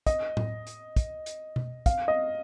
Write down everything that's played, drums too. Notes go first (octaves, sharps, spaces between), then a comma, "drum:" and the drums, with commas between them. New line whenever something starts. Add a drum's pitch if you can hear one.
D#5, drum: kick, hi-hat
drum: tom A2
drum: hi-hat
drum: kick, hi-hat
drum: hi-hat
drum: tom B2
F5, drum: kick, hi-hat
D#5